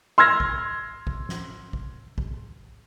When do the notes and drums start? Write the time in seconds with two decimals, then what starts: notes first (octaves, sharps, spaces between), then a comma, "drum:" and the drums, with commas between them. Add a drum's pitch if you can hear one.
0.18 C6 E6 F6 G#6 A#6
0.40 drum: kick A1
1.07 drum: kick A1
1.29 drum: snare
1.73 drum: kick A1
2.18 drum: kick A1